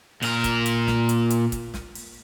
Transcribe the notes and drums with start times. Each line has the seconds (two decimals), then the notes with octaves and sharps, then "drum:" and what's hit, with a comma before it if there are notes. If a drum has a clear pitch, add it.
0.22 A#2 A#4, drum: open hi-hat
0.44 drum: kick, hi-hat
0.66 drum: hi-hat
0.87 drum: snare
1.09 drum: hi-hat
1.30 drum: hi-hat
1.52 drum: kick, hi-hat
1.74 drum: snare
1.95 drum: open hi-hat